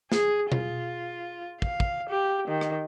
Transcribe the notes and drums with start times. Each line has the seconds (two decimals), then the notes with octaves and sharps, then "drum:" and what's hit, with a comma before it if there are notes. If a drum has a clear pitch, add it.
0.12 G#4, drum: snare
0.52 F4, drum: tom B2
1.62 F5, drum: kick
1.80 drum: kick
2.10 G4
2.48 D#3
2.61 drum: rim click